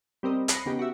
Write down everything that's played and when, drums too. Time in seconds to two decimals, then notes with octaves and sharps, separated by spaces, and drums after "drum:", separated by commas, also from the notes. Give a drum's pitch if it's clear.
0.23 G3 C4 A#4 D#5
0.48 B5 D#6 F#6 A#6 C7 C#7, drum: hi-hat
0.66 C#3 B3 D#4 G4
0.79 F#4 G4 E5